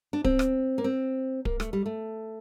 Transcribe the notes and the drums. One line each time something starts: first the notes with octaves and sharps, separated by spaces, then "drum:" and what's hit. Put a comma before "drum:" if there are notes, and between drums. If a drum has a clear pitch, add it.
D4
C4, drum: kick D1
drum: rim click
A#3
C4
A#3, drum: kick D1
A3, drum: rim click
G3
A3